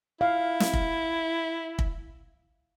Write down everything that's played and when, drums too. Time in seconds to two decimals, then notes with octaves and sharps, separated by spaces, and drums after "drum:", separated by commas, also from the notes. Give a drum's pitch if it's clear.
0.21 E4 F5
0.60 drum: snare
0.73 drum: kick
1.79 drum: kick